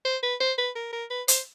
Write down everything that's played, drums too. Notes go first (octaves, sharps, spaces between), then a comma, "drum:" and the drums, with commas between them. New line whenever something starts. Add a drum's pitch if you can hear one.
C5
B4
C5
B4
A#4
A#4
B4
C5, drum: hi-hat